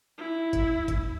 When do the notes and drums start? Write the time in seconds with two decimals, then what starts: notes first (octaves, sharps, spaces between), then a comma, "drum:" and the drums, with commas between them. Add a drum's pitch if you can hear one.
0.18 E4
0.53 drum: kick, hi-hat
0.88 drum: kick, hi-hat